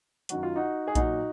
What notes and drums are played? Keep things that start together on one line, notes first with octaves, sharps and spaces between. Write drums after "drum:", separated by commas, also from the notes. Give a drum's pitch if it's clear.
F#2 D#3 F#3 F#4, drum: hi-hat
F4
D#4 F#4
G#4
A#2 F#3 D#4 F#4, drum: kick A#1, hi-hat